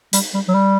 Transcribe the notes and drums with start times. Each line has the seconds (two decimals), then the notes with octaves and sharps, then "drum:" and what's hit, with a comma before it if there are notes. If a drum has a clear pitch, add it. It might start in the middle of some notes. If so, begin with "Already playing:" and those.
0.13 G3, drum: hi-hat
0.34 G3
0.48 F#3
0.54 G3